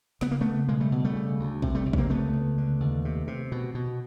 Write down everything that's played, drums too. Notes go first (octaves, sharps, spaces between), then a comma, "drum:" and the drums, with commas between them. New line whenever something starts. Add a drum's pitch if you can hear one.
C#3 B3, drum: snare
A#3
C#3 A3 B3
B2 G#3 A#3
G3 A3
B2
G3 A3
C#3
D2
C3, drum: kick
G3 A3
C#2
C#4, drum: kick
A#3 C4
C#2 A3 B3
C#2
D3
D#2
C3
C3
B2
B2